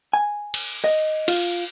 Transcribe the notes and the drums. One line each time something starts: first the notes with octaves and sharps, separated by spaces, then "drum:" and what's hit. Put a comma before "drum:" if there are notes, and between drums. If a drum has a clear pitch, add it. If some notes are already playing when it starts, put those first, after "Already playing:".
G#5
drum: cymbal
D#5
F4, drum: cymbal